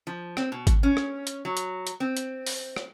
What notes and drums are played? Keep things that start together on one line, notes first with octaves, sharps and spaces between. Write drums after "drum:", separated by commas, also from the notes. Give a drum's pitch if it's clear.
F3
C4, drum: rim click
B2
drum: kick G#1, hi-hat
C#4
drum: rim click
drum: hi-hat
F#3
drum: hi-hat
drum: hi-hat
C4
drum: hi-hat
drum: open hi-hat
drum: rim click